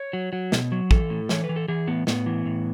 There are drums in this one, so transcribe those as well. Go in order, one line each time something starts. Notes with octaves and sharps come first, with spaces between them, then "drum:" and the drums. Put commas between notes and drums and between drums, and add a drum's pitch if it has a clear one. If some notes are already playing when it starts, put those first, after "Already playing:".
Already playing: C#5
F#3
F#3
B2, drum: snare
F#3
E3 A4, drum: kick
A2
E3 C#5, drum: snare
B4
E3
A4
E3 G#4
A2 B3
A2 B3, drum: snare
E3
A2